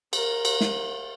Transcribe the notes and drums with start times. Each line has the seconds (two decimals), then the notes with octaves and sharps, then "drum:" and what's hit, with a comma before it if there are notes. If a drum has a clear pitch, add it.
0.13 A#4, drum: cymbal
0.45 drum: cymbal
0.61 drum: snare